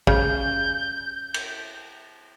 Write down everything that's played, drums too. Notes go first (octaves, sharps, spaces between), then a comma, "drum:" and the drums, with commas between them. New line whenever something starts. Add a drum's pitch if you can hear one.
C#3 G6, drum: kick
drum: cymbal